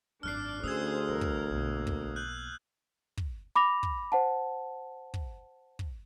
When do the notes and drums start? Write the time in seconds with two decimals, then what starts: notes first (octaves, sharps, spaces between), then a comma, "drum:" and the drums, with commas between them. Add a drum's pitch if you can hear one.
0.23 G#1 F#2 D4 D5 F6 F#6 C7
0.64 D2 C#4 G#4 C5 D#6 E6 G#6
1.09 C2 A#4
1.21 drum: kick
1.51 B1 F2 A#3
1.87 drum: kick
2.16 F#6 G6 F#7
3.17 drum: kick
3.56 B5 D6 A#6 F7
3.83 drum: kick
4.12 C5 F#5 A5
5.14 drum: kick
5.79 drum: kick